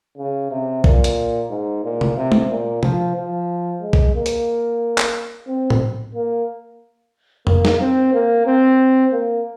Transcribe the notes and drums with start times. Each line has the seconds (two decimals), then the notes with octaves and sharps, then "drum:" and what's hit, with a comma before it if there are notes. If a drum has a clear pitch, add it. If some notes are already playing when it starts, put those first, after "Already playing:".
0.18 C#3
0.51 C3
0.84 A#2, drum: kick B1
1.04 drum: hi-hat
1.50 G#2
1.83 A#2
2.01 drum: tom C3
2.17 C3
2.32 drum: tom
2.49 A#2
2.83 F3, drum: tom C3
3.16 F3
3.82 G#3
3.93 drum: kick B1
4.15 A#3
4.26 drum: hi-hat
4.98 drum: clap
5.47 C4
5.70 drum: tom A2
6.14 A#3
7.47 A#3, drum: tom F2
7.65 drum: snare
7.80 C4
8.13 A#3
8.46 C4
9.12 A#3